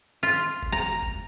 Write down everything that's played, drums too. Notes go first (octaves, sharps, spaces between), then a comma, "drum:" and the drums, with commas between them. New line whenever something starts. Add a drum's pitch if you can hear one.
F4
drum: kick G1
A#5
drum: kick G1